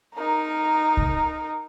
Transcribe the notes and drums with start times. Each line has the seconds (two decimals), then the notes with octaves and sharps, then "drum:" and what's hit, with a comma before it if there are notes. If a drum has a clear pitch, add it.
0.15 D#4 A#4
0.97 drum: kick C2